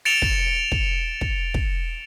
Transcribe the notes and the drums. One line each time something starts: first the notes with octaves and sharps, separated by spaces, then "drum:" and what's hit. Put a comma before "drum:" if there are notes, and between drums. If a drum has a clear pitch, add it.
A6 C#7 D7 E7 F7 G7
drum: kick
drum: kick
drum: kick
drum: kick